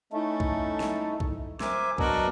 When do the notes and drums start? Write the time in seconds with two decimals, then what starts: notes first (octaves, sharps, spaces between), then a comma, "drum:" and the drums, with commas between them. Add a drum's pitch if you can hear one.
0.13 A3 C#4 D#4 E4 A4
0.40 drum: kick B1
0.80 drum: snare
1.20 drum: kick B1
1.60 A#4 C5 E5 G#5 D6, drum: snare
1.98 F#3 B3 D4 F#4 A#4 D#5, drum: kick B1